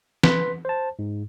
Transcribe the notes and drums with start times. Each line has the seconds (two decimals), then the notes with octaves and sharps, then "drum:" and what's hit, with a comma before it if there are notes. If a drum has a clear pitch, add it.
0.23 B4 C6 B6, drum: snare
0.65 C5 A5
0.99 G#2